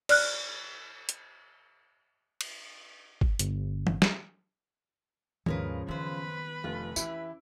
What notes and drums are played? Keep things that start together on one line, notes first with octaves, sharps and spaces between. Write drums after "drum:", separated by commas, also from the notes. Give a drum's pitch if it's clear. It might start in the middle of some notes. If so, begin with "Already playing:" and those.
D5 F6 F#6, drum: cymbal
drum: hi-hat
drum: cymbal
drum: kick G1
G1, drum: hi-hat
drum: tom E3
drum: snare
D#2 G#2 C#3 F3 G#3 C#4 A#4 B4, drum: tom D#3
F#2 D#3 B3 B4 C5 B5
F1 F4
E3 C#4 E4 G4, drum: tambourine